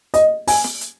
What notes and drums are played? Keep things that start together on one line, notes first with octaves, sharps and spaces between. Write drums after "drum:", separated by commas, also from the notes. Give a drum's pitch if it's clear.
D#5, drum: hi-hat
G#5, drum: open hi-hat
drum: snare
drum: hi-hat